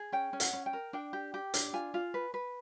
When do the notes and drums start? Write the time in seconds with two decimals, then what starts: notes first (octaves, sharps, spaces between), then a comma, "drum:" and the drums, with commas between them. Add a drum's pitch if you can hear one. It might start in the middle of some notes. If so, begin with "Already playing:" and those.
Already playing: G#4
0.12 C#4 G5
0.33 C#4
0.40 F#5, drum: hi-hat
0.53 C#4
0.66 G5
0.73 A#4
0.93 D4 G5
1.13 G4
1.34 G4
1.54 D4, drum: hi-hat
1.73 F4 G#5
1.94 F4
2.14 B4
2.34 B4